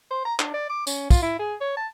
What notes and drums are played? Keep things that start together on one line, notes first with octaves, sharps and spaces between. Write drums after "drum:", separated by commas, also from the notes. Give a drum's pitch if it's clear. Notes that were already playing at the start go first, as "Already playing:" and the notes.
C5
A#5
D4, drum: clap
D5
D6
C#4, drum: tambourine
F4, drum: kick, tambourine
E4
G#4
C#5
A5